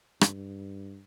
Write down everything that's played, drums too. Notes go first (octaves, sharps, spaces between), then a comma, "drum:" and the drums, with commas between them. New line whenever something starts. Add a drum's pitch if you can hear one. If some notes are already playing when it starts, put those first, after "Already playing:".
G2, drum: rim click